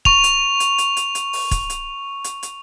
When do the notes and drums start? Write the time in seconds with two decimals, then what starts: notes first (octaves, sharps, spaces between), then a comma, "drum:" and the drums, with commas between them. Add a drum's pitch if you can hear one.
0.05 C#6 F7, drum: kick
0.24 drum: hi-hat
0.60 drum: hi-hat
0.78 drum: hi-hat
0.97 drum: hi-hat
1.15 drum: hi-hat
1.33 drum: open hi-hat
1.51 drum: kick, hi-hat
1.70 drum: hi-hat
2.24 drum: hi-hat
2.43 drum: hi-hat